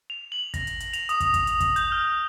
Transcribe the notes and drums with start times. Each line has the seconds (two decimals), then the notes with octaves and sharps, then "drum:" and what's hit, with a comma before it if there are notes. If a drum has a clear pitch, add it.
0.10 F7
0.32 F#7
0.54 A#6, drum: kick, hi-hat
0.67 drum: hi-hat
0.80 drum: hi-hat
0.93 F7, drum: hi-hat
1.09 D#6, drum: hi-hat
1.20 drum: kick, hi-hat
1.34 drum: kick, hi-hat
1.47 drum: hi-hat
1.60 drum: kick, hi-hat
1.76 G6, drum: hi-hat
1.92 F6